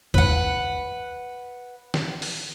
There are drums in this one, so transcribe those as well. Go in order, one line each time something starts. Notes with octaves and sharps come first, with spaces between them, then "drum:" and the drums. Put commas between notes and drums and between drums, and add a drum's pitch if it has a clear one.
B4 F#5, drum: kick
drum: snare
drum: open hi-hat